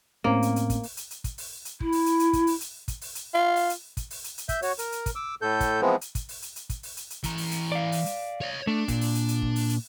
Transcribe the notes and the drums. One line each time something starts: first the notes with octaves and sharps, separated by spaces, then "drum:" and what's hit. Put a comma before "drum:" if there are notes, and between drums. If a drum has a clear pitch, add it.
A2 A#3 C4 C#4
drum: hi-hat
drum: hi-hat
drum: kick, hi-hat
drum: open hi-hat
drum: hi-hat
drum: hi-hat
drum: kick, hi-hat
drum: open hi-hat
drum: hi-hat
E4, drum: kick
drum: open hi-hat
drum: hi-hat
drum: hi-hat
drum: kick, hi-hat
drum: open hi-hat
drum: hi-hat
drum: kick, hi-hat
drum: open hi-hat
drum: hi-hat
F4
drum: open hi-hat
drum: hi-hat
drum: kick, hi-hat
drum: open hi-hat
drum: hi-hat
drum: hi-hat
E5 G6, drum: kick, hi-hat
F#4 C#5, drum: open hi-hat
A#4, drum: hi-hat
drum: hi-hat
drum: kick, hi-hat
D6 E6
A2 A4 G6
drum: kick, hi-hat
E3 F3 G#3 B3 C4
drum: hi-hat
drum: kick, hi-hat
drum: open hi-hat
drum: hi-hat
drum: hi-hat
drum: kick, hi-hat
drum: open hi-hat
drum: hi-hat
drum: hi-hat
E3 A#5, drum: kick, hi-hat
drum: open hi-hat
drum: hi-hat
D5 F5
drum: open hi-hat
drum: hi-hat
C#5 D#5
A3 D4
A#2, drum: kick, hi-hat
drum: open hi-hat
drum: hi-hat
drum: hi-hat
drum: kick
drum: open hi-hat
drum: hi-hat